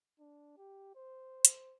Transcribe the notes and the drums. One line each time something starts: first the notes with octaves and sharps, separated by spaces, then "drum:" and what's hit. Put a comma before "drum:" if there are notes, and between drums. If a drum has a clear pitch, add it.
D4
G4
C5
drum: hi-hat